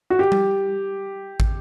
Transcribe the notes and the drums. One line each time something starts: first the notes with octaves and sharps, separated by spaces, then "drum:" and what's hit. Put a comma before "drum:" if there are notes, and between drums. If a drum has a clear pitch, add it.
F#4
G4
drum: tom G3
drum: kick